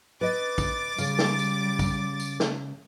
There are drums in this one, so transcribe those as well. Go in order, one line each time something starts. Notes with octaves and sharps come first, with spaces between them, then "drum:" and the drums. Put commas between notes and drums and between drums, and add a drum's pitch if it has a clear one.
B4 D#5 D6 A6
drum: kick, tambourine
C#3 G3, drum: tambourine
drum: snare
drum: tambourine
drum: kick, tambourine
drum: tambourine
drum: snare